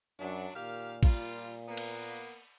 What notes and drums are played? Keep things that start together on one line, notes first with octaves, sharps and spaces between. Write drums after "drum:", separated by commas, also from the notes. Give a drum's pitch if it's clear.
F#2 F#3 D4
A#2 D#3 G4 F5
G3 A#3 F4, drum: kick, cymbal
A#3 B3
drum: cymbal